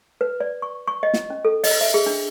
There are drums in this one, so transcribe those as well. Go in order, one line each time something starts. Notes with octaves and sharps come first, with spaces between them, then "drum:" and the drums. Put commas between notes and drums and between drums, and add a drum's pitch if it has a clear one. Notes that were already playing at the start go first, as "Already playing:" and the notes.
B4
D5
C#6
C#6
D#5
drum: snare
C#4
A4
D#5, drum: open hi-hat
E5
G#4
D4